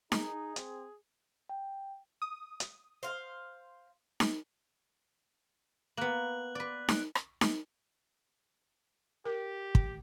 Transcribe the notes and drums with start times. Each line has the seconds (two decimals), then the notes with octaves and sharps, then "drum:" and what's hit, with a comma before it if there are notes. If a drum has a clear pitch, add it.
0.12 D#4 G#4, drum: snare D#4
0.56 C4, drum: hi-hat
1.49 G5
2.22 D#6
2.60 drum: hi-hat
3.03 C5 F5
4.20 drum: snare D#4
5.97 A#3 B3 F#6 F#7
6.55 B4 D5
6.89 D7, drum: snare D#4
7.15 drum: rim click
7.41 drum: snare D#4
9.25 G4 A#4
9.75 drum: kick